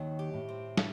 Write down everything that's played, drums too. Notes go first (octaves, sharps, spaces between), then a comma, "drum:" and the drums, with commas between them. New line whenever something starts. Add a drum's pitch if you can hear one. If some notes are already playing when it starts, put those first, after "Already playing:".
Already playing: D#2 D#3 F#3
G4
A2
C4
A3, drum: snare